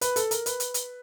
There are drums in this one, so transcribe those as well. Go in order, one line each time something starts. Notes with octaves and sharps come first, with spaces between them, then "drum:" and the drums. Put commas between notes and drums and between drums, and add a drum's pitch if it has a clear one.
B4, drum: hi-hat
A4, drum: hi-hat
A#4, drum: hi-hat
B4, drum: hi-hat
drum: hi-hat
drum: hi-hat